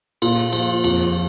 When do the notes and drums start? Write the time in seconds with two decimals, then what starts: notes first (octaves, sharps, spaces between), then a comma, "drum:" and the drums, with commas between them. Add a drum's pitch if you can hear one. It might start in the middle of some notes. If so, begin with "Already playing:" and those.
0.22 A#2, drum: cymbal
0.52 F3, drum: cymbal
0.84 F2, drum: cymbal